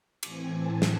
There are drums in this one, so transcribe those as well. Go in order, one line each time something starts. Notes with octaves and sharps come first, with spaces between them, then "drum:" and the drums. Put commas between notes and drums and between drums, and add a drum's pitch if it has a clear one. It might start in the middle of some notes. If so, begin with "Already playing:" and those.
A2 E3 C4 G#5, drum: cymbal
A5
drum: snare